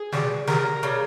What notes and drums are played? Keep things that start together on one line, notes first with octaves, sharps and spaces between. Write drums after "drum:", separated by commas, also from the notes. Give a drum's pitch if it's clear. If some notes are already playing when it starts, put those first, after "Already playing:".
Already playing: G#4
B2 G3, drum: snare
C#3 G3 A#4, drum: snare
C#3 G3